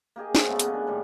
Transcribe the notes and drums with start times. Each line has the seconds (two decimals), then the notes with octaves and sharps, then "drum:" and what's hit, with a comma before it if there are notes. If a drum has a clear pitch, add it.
0.16 A#3 G4 G#4 D#5
0.35 F#3 B3 C4 G4, drum: snare
0.48 C#3 A3 B3 A4
0.59 C#3 A#3 B3 G#4, drum: hi-hat
0.74 D4 A#4
0.87 A2 D#3 G3